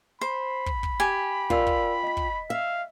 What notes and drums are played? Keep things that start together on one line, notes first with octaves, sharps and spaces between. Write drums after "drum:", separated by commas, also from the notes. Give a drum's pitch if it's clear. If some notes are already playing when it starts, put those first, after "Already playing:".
C5 B5
drum: kick
drum: kick
G4 G#5
F4 A#4 D5 E6, drum: kick
drum: kick
D#5 B6
drum: kick
E5 F5